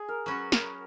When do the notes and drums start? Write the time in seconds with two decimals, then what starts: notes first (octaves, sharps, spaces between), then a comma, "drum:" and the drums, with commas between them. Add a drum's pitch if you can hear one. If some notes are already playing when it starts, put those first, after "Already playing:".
Already playing: G#4
0.08 A#4
0.26 F#3 C#4 F#4 B4
0.52 A#4, drum: snare